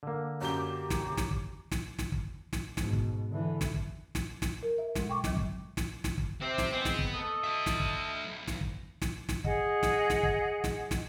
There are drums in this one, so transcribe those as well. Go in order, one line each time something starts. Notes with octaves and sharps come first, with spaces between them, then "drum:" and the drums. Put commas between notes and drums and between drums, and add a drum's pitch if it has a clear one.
D3 A#3
F#2 G4 G7
drum: snare
drum: snare
drum: kick
drum: snare
drum: snare
drum: kick
drum: snare
G#2 B2, drum: snare
drum: kick
D3 E3
drum: snare
drum: kick
drum: snare
drum: snare
A#4
E5
B2 G#3, drum: snare
G5 C#6 D6
D2 F#3, drum: snare
drum: kick
drum: snare
drum: snare
drum: kick
C3 C4
drum: snare
G#3 B3 C4
drum: snare
drum: kick
A4 D#5
D4 E5
drum: snare
drum: kick
B1
drum: snare
drum: kick
drum: snare
drum: snare
G#4 D#5 F#5, drum: kick
drum: snare
drum: snare
drum: kick
drum: snare
drum: snare